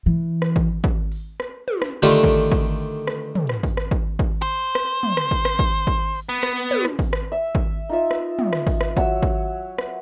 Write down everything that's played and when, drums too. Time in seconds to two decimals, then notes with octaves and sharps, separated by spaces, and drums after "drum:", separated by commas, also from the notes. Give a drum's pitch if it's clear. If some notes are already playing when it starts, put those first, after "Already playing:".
0.06 E3
0.42 drum: rim click
0.56 drum: kick G#1, hi-hat
0.84 drum: kick G#1, hi-hat
1.12 drum: open hi-hat
1.40 drum: rim click
1.68 drum: tom
1.82 drum: rim click
2.02 D3 D#3 A3 D4 F4 G4
2.24 drum: kick G#1, hi-hat
2.52 drum: kick G#1, hi-hat
2.80 drum: open hi-hat
3.07 drum: rim click
3.35 drum: tom
3.49 drum: rim click
3.63 drum: kick G#1, open hi-hat
3.77 drum: rim click
3.91 drum: kick G#1, hi-hat
4.19 drum: kick G#1, hi-hat
4.42 C5
4.75 drum: rim click
5.03 drum: tom
5.17 drum: rim click
5.31 drum: kick G#1, open hi-hat
5.45 drum: rim click
5.59 drum: kick G#1, hi-hat
5.87 drum: kick G#1, hi-hat
6.15 drum: open hi-hat
6.29 B3
6.43 drum: rim click
6.71 drum: tom
6.85 drum: rim click
6.99 drum: kick G#1, open hi-hat
7.13 drum: rim click
7.32 E5
7.55 drum: kick G#1
7.89 D#4 F4 E5
8.11 drum: rim click
8.39 drum: tom
8.53 drum: rim click
8.67 drum: kick G#1, open hi-hat
8.81 drum: rim click
8.97 F#3 C#5 E5 E6, drum: kick G#1, hi-hat
9.23 drum: kick G#1, hi-hat
9.78 drum: rim click